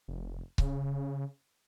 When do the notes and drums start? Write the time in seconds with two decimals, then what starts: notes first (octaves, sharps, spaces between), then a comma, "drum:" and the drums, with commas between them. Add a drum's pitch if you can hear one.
0.08 F1
0.58 C#3, drum: kick C#1